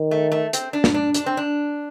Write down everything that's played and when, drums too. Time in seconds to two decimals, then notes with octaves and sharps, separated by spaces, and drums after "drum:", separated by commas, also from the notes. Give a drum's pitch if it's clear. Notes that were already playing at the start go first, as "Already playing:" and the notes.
Already playing: D#3
0.11 A3
0.32 A3
0.53 C4, drum: hi-hat
0.73 D4
0.84 drum: snare
0.94 D4
1.14 D4, drum: hi-hat
1.26 C4
1.37 D4